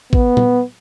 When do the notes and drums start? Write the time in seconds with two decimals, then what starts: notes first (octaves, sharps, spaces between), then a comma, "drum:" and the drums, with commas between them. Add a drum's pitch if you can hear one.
0.13 B3, drum: kick
0.37 drum: tom A#2